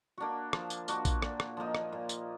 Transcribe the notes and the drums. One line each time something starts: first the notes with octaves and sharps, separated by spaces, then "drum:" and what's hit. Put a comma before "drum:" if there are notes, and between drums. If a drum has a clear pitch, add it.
A#3 D4 F#4
F3, drum: rim click
drum: tambourine
A#3 D4 F#4, drum: tambourine
drum: kick A#1, tambourine
A#2, drum: rim click
drum: rim click
F3 A#3 D#4
drum: rim click
A#2
drum: tambourine